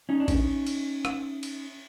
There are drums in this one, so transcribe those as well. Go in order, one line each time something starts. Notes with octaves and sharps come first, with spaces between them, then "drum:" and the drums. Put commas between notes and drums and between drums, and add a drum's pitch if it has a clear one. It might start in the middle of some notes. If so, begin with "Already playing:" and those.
C#4 D#4
D4
C#4 D#4, drum: kick A1, cymbal
drum: cymbal
drum: rim click
drum: cymbal